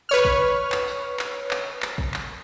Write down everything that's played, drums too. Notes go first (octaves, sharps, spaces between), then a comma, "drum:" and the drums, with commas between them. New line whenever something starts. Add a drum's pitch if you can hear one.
B4 C#5 F6
drum: kick, tambourine
drum: clap
drum: tambourine
drum: clap
drum: clap
drum: clap
drum: kick
drum: clap